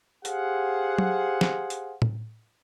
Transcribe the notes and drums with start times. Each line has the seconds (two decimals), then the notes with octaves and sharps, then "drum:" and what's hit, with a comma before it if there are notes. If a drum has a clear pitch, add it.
0.25 G4 G#4 C5 F5 F#5, drum: hi-hat
0.99 drum: tom F#3
1.41 drum: snare
1.70 drum: hi-hat
2.02 drum: tom A2